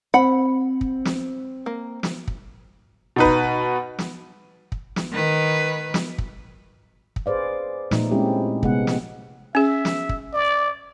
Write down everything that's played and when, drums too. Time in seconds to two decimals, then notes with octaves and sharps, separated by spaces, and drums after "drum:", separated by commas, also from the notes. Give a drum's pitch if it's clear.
0.14 C4 F#5 B5
0.81 drum: kick
1.05 drum: snare
1.66 A#3
2.03 drum: snare
2.28 drum: kick
3.16 B2 D#4 B4
3.25 drum: kick
3.99 drum: snare
4.72 drum: kick
4.96 drum: snare
5.12 D#3 B4
5.94 drum: snare
6.18 drum: kick
7.16 drum: kick
7.26 G#4 B4 C5 D5 F5
7.91 A#2 A3 D#4, drum: snare
8.11 G#3 C4 C#4 E4 G4
8.63 C3 G#3 B3 F#5, drum: kick
8.87 drum: snare
9.55 C#4 G#4 E5
9.85 drum: snare
10.09 drum: kick
10.33 D5